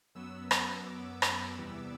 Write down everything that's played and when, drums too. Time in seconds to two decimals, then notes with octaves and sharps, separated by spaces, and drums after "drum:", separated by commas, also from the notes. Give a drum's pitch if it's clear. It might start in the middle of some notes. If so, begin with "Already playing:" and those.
0.15 F#2 F#3 B3 E6
0.51 drum: rim click
0.87 D6
1.22 B5, drum: rim click
1.57 E2 C3 E3 G3 B3 D6
1.67 E6
1.75 D6